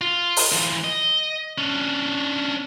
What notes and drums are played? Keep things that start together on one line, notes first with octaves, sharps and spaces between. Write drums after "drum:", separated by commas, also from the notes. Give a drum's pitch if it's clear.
F4
drum: open hi-hat
E3 F4
D#5
C#4 D4